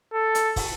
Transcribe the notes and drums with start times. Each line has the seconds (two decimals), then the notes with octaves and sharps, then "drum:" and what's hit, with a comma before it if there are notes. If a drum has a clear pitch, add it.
0.13 A4
0.35 drum: hi-hat
0.56 drum: kick, open hi-hat